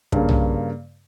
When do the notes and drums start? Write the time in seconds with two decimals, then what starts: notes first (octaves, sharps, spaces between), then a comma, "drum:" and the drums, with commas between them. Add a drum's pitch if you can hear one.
0.12 G2 C#3 A#3, drum: kick
0.29 drum: tom